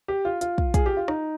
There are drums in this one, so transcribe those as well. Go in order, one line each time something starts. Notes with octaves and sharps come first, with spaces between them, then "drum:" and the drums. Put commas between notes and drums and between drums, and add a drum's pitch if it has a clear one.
G4
F4
F4, drum: hi-hat
drum: kick
G#4, drum: kick, hi-hat
G4
F4
D#4, drum: rim click